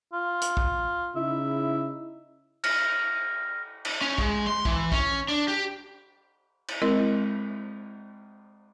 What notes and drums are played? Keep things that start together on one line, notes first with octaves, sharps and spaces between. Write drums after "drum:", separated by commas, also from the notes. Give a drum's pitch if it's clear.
F4
drum: hi-hat
drum: kick
C#3 D#4 E4 E5
F6 A#6, drum: cymbal
drum: cymbal
C#4
G#3, drum: kick
C6
E3, drum: kick
C#4, drum: kick
D4
G4
drum: cymbal
G#3 C4 E4 A#4 D#5